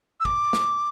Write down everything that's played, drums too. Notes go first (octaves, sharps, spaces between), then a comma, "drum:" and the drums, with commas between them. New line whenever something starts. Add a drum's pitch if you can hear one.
E6
D6, drum: kick
drum: snare